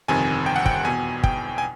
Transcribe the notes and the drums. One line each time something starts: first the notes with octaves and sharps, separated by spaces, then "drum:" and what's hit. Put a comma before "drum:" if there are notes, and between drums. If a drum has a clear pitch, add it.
G1 F2 C3 D#3 G#5
G5
F#5
G5, drum: kick
E2 B2 G#5
G5, drum: kick
G#5